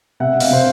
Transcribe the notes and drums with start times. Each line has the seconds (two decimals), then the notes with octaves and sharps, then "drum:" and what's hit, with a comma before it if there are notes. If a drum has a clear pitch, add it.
0.20 C3 E5 F#5
0.35 C3
0.40 D#5 F5, drum: open hi-hat
0.51 C3 C5